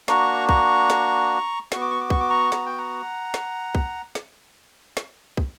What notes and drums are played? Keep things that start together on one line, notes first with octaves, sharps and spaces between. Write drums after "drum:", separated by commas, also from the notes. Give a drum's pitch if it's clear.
A#3 D4 F#4 A#5 C#6, drum: snare
A#5 C#6, drum: kick
drum: snare
B3 F#4 C#6, drum: snare
D6
C#6
D6
C#6, drum: kick
D6
A#5 C#6
A#5, drum: snare
G5
F#5 A#5
drum: snare
drum: kick
drum: snare
drum: snare
drum: kick